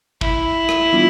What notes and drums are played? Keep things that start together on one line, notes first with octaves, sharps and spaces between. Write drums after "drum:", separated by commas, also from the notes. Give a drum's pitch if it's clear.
E4, drum: kick
drum: rim click
E3 G3 B3 D4 F4